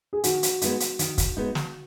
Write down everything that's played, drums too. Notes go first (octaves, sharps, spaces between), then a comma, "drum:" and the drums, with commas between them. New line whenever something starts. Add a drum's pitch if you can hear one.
G#4
D#3 F#4, drum: hi-hat
drum: hi-hat
G#3 B3 D#4, drum: hi-hat
drum: hi-hat
D#3, drum: hi-hat
drum: kick, hi-hat
G#3 B3 D#4
drum: snare